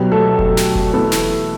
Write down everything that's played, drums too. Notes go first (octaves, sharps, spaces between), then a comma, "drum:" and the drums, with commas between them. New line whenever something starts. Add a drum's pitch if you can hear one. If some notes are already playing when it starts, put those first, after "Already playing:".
Already playing: B2 F#3 B3 G4
A3 A4
drum: kick F1
drum: snare
drum: kick F1
E3 A3 B3 A4
drum: snare